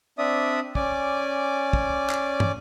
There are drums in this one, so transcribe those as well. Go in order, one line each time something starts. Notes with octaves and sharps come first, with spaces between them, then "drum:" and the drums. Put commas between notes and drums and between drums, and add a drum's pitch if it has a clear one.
C4 D4 D5 E5 D#6
C#4 D5 G#5 D6, drum: kick
drum: kick
drum: clap
drum: tom